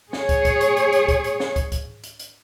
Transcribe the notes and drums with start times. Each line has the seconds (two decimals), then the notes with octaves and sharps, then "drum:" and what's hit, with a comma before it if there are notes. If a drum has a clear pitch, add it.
0.13 G#4 C#5, drum: snare
0.29 drum: kick, hi-hat
0.45 drum: kick, hi-hat
0.61 drum: hi-hat
0.77 drum: hi-hat
0.93 drum: hi-hat
1.08 drum: kick, hi-hat
1.24 drum: hi-hat
1.40 drum: snare
1.56 drum: kick, hi-hat
1.72 drum: kick, hi-hat
2.04 drum: hi-hat
2.20 drum: hi-hat